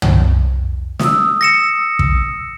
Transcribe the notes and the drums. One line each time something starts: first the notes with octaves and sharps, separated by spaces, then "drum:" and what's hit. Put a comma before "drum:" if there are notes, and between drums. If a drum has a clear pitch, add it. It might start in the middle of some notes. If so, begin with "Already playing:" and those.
drum: tom
D#6 E6, drum: snare
A#6 C#7 E7
drum: kick